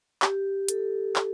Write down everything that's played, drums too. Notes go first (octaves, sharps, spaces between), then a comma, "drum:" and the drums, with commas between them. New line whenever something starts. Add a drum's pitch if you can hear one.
G4, drum: clap
A4, drum: hi-hat
drum: clap